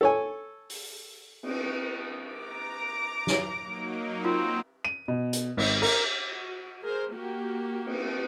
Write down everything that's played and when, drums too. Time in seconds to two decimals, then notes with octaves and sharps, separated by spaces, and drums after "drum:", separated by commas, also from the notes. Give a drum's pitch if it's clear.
0.01 A4 C#5 G#5
0.70 drum: open hi-hat
1.43 drum: cymbal
2.33 A#5 D6 D7
3.27 drum: snare
3.61 F#3 A#3 D#4
4.25 C4 F4
4.85 D#7
5.08 B2
5.33 drum: hi-hat
5.57 G#1, drum: cymbal
5.82 A#4, drum: cymbal
6.28 F#4
6.82 G#4 A#4 C5
7.11 A#3 F#4 G4
7.86 drum: cymbal